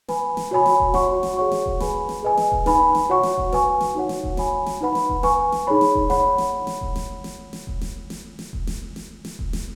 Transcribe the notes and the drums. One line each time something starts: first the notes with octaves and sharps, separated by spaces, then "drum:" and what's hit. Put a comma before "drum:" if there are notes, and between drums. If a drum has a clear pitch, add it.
B4 G#5 B5, drum: snare
drum: snare
F#4 C#5 G#5 B5
drum: snare
drum: kick D#1
F#4 C#5 F#5 C#6, drum: snare
drum: snare
G#4 C#5 F#5 C#6
drum: snare
drum: kick D#1
G#4 B4 G#5 B5, drum: snare
drum: snare
G#4 B4 D#5 G#5
drum: snare
drum: kick D#1
D#4 B4 G#5 B5, drum: snare
drum: snare
F#4 C#5 F#5 C#6
drum: snare
drum: kick D#1
B4 G#5 C#6, drum: snare
drum: snare
D#4 F#4 C#5 F#5
drum: snare
drum: kick D#1
C#5 G#5 B5, drum: snare
drum: snare
D#4 B4 F#5 B5
drum: snare
drum: kick D#1
B4 G#5 C#6, drum: snare
drum: snare
D#4 G#4 C#5 B5
drum: snare
drum: kick D#1
C#5 F#5 B5, drum: snare
drum: snare
drum: snare
drum: kick D#1
drum: snare
drum: snare
drum: snare
drum: kick D#1
drum: snare
drum: snare
drum: snare
drum: kick D#1
drum: snare
drum: snare
drum: snare
drum: kick D#1
drum: snare